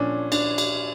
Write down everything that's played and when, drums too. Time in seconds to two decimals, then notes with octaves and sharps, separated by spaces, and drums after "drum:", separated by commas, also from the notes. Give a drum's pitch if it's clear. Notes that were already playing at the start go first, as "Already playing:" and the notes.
Already playing: A#2 F3 C#4 D4
0.32 D4, drum: cymbal
0.58 drum: cymbal